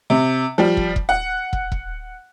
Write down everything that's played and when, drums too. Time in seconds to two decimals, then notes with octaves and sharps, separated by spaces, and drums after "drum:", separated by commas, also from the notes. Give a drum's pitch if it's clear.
0.10 C3
0.58 F3 G3
0.77 drum: kick
0.96 drum: kick
1.09 F#5
1.53 drum: kick
1.72 drum: kick